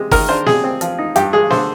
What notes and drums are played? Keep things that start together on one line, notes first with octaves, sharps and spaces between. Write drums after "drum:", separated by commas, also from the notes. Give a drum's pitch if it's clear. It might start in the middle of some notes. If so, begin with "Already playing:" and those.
Already playing: C3 G#3
D#3 A#4, drum: kick, open hi-hat
D4 C5
C3 G#4, drum: snare
C4
F3, drum: hi-hat
D#4
G2 G4, drum: hi-hat
G#3 G#4
D3 C5, drum: snare